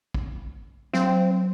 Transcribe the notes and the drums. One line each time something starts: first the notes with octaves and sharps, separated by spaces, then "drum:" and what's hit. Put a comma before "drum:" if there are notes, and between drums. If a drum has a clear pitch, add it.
drum: kick
F#3 C4, drum: snare